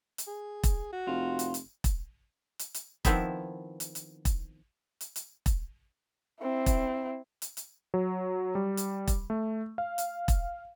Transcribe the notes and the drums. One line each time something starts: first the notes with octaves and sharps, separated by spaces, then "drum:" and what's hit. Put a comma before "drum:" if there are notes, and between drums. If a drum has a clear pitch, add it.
drum: hi-hat
G#4
drum: kick E1, hi-hat
F#4
F1 F4
drum: hi-hat
drum: hi-hat
drum: kick E1, hi-hat
drum: hi-hat
drum: hi-hat
D#3 F3 B3 C4 E4 E5, drum: kick E1, hi-hat
drum: hi-hat
drum: hi-hat
drum: kick E1, hi-hat
drum: hi-hat
drum: hi-hat
drum: kick E1, hi-hat
C4 E4
drum: kick E1, hi-hat
drum: hi-hat
drum: hi-hat
F#3
G3
drum: hi-hat
drum: kick E1, hi-hat
A3
F5
drum: hi-hat
drum: kick E1, hi-hat